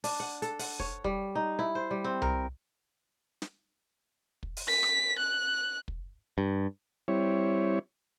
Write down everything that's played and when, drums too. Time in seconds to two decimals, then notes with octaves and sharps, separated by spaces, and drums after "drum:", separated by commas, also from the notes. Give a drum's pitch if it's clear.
0.04 D4, drum: open hi-hat
0.20 F#5
0.42 A4, drum: hi-hat
0.59 F#5, drum: open hi-hat
0.79 C#5, drum: kick
1.04 G3, drum: kick
1.35 D#4
1.59 E4
1.75 C5
1.91 G3
2.04 C4
2.22 A#4, drum: tom C2
3.42 drum: snare
4.43 drum: kick
4.57 drum: open hi-hat
4.68 B6
4.83 drum: rim click
5.19 F#6
5.88 drum: kick
6.38 G2
7.08 G3 C4 E4 C#5